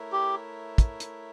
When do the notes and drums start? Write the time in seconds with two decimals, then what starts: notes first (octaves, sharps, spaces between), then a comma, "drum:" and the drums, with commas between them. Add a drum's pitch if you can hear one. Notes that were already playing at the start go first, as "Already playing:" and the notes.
Already playing: A3 E4 A#4 C#5 E5
0.12 G4
0.78 drum: kick, hi-hat
1.00 drum: hi-hat